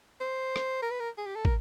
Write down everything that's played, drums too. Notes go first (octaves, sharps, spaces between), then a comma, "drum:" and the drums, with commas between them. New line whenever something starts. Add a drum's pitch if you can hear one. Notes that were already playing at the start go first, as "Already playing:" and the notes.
C5
drum: rim click
A#4
B4
A#4
G#4
G4
A4
A#4, drum: kick